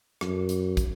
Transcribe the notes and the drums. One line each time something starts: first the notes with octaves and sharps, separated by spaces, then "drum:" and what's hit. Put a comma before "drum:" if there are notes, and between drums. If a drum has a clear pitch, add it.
F#2, drum: rim click
drum: hi-hat
drum: kick, hi-hat